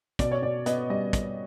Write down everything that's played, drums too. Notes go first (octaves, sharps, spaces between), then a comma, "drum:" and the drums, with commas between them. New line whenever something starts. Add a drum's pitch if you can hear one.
B2 D5, drum: kick, hi-hat
C#5
B2 D5
B3 D#5, drum: hi-hat
G3 D#5
drum: kick, hi-hat